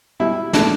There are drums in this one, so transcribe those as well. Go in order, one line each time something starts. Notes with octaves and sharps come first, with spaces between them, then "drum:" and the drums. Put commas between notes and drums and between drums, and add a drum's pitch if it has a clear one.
B2 G3 E4
B2 A3 D4, drum: snare